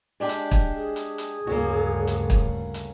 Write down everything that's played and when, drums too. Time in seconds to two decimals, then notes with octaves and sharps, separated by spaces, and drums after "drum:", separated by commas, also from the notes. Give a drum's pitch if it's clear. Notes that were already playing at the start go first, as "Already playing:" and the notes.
0.20 G#3 D4 G4
0.29 drum: hi-hat
0.51 drum: kick
0.74 G#4
0.96 drum: hi-hat
1.18 drum: hi-hat
1.47 D2 G2 C#3 A#3 C#4 F#4
2.07 drum: hi-hat
2.30 drum: kick
2.74 drum: hi-hat